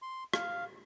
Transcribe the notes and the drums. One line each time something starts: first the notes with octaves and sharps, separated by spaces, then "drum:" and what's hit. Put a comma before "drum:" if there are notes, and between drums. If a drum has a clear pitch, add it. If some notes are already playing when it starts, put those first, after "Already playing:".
C6
F5, drum: rim click